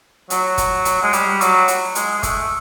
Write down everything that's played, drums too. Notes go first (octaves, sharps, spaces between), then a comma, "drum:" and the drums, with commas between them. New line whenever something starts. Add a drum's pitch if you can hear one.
F#3, drum: hi-hat
drum: kick, hi-hat
drum: hi-hat
G#3
G3, drum: hi-hat
F#3, drum: hi-hat
drum: hi-hat
G#3, drum: hi-hat
G#3
A3, drum: kick, hi-hat